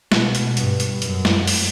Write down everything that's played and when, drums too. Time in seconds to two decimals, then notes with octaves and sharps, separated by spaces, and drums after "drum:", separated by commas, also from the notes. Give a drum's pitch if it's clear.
0.12 B2, drum: snare
0.35 drum: hi-hat
0.57 G2, drum: hi-hat
0.80 drum: hi-hat
1.02 F#2, drum: hi-hat
1.25 drum: snare
1.47 drum: open hi-hat